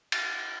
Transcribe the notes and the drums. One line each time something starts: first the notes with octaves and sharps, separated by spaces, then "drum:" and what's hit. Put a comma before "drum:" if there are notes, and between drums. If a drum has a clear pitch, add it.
A6, drum: cymbal